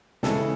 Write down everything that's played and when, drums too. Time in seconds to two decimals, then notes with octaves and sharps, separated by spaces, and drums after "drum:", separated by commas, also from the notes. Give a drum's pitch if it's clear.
0.23 C#3 E3 G#3 C#4 E4 A4, drum: snare